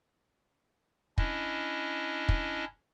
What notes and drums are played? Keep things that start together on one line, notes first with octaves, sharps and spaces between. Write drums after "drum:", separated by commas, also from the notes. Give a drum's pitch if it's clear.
C#4 D4 E4 D#5, drum: kick
drum: kick